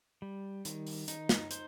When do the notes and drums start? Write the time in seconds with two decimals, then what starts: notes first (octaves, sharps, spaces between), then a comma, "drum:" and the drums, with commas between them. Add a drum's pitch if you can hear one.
0.22 G3
0.65 D#3, drum: hi-hat
0.87 drum: open hi-hat
1.08 D#4, drum: hi-hat
1.29 drum: snare
1.51 C5, drum: hi-hat